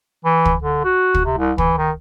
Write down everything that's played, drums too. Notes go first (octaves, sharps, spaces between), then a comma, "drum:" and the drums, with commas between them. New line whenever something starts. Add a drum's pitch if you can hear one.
E3
drum: kick
D3
F#4
drum: kick
C3
C2
E3, drum: kick
D#3